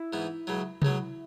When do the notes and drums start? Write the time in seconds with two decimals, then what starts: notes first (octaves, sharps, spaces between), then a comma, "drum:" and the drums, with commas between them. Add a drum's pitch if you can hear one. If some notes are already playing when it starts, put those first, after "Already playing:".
Already playing: E4
0.13 G#2 E3 B3
0.47 C#2 C#3 F#3
0.82 C#2 C#3 F#3, drum: tom C3